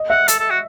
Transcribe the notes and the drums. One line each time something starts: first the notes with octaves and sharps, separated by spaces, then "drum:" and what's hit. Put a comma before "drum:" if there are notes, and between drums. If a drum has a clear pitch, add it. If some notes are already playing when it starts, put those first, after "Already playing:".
Already playing: D#5
E5 F#5
A4, drum: hi-hat
A4
F#4